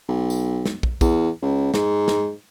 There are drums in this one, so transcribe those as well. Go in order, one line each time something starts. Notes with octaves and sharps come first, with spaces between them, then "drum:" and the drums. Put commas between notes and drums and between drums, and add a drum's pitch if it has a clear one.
B1
drum: tambourine
drum: snare
drum: kick
E2, drum: kick, tambourine
C#2
G#2, drum: snare
drum: snare